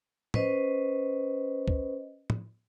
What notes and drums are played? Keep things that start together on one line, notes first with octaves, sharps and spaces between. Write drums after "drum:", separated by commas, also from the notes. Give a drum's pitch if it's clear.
C#4 B4 C5 D#5, drum: tom
drum: kick
drum: tom